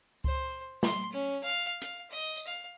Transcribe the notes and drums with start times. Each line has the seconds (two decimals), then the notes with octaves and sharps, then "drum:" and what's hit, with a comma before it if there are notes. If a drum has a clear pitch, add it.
0.24 C5, drum: kick C#2
0.83 C6, drum: snare
1.12 C#4
1.43 F5
1.82 F5, drum: hi-hat
2.10 D#5
2.36 drum: tambourine
2.47 F5